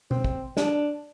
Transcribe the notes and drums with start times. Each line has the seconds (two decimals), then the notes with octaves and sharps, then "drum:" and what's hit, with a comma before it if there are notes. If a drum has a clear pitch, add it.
0.11 C4, drum: tom B2
0.24 drum: kick
0.57 D4, drum: snare